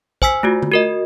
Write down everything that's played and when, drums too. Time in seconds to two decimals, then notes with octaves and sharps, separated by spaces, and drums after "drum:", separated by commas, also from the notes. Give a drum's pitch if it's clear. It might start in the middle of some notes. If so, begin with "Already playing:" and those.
0.22 C5 G#5 E6 B6, drum: kick
0.43 A3 F4 F#4
0.62 drum: tom D3
0.72 F#4 A#4 D#5